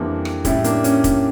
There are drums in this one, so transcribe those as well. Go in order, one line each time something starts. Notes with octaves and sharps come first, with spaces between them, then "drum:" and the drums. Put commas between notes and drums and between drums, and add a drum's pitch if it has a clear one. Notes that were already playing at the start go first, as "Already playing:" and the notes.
Already playing: F2 E3 G3 A#3 D4
drum: rim click
A2 G3 C#4 E4, drum: kick, hi-hat
A#3 D4, drum: hi-hat
C#4, drum: hi-hat
drum: kick, hi-hat